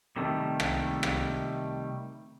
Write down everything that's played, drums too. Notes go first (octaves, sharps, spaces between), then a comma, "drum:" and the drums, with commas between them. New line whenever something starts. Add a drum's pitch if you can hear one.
C3 D#3 G3 A3
drum: rim click
drum: rim click